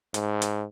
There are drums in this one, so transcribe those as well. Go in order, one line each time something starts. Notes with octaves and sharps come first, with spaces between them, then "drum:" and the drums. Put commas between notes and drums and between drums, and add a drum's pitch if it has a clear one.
G#2, drum: hi-hat
drum: hi-hat